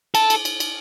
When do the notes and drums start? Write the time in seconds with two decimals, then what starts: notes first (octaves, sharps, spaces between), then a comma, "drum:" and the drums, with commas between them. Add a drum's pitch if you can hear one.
0.15 A4, drum: cymbal
0.30 drum: cymbal
0.45 drum: cymbal
0.60 drum: cymbal